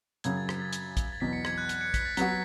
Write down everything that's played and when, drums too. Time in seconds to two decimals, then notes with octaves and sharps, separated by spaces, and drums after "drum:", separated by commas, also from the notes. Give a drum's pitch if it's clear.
0.24 F#2 C#3 F#3 G#6, drum: hi-hat
0.37 A6
0.49 B6, drum: rim click
0.61 A6
0.73 drum: hi-hat
0.97 drum: kick A#1, hi-hat
1.12 A6
1.21 E2 B2 F#3 B3 B6
1.33 C#7
1.45 G#6, drum: rim click
1.58 F#6
1.69 F#6, drum: hi-hat
1.81 C#7
1.94 B6, drum: kick A#1, hi-hat
2.05 A6
2.17 F#3 B3 F#4 B6, drum: hi-hat